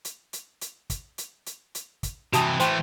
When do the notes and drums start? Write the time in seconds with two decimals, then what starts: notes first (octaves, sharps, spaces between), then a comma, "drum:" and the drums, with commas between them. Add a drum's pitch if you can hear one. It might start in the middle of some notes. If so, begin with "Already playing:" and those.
0.05 drum: hi-hat
0.33 drum: hi-hat
0.61 drum: hi-hat
0.90 drum: kick, hi-hat
1.18 drum: hi-hat
1.46 drum: hi-hat
1.75 drum: hi-hat
2.03 drum: kick, hi-hat
2.33 C3 E3 F#4 A5 D#6, drum: hi-hat
2.60 E3 A3 C5 G5 C6, drum: hi-hat